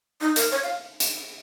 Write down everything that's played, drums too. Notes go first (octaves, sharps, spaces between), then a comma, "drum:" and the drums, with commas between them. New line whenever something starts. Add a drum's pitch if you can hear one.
D#4
A#4, drum: hi-hat
C#5
F5
drum: hi-hat